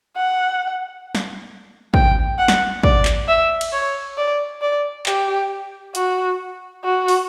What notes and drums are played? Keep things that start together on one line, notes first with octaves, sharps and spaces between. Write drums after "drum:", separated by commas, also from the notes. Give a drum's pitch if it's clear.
F#5
drum: snare
G5, drum: kick
F#5
drum: snare
D5, drum: kick
drum: clap
E5
drum: cymbal
C#5
D5
D5
G4, drum: clap
F#4, drum: hi-hat
F#4
drum: open hi-hat